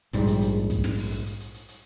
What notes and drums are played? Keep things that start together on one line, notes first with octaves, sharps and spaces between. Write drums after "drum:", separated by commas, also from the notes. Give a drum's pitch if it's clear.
A#1 G#2 G3, drum: hi-hat
drum: hi-hat
drum: hi-hat
drum: kick, hi-hat
drum: snare
drum: open hi-hat
drum: hi-hat
drum: hi-hat
drum: hi-hat
drum: hi-hat
drum: hi-hat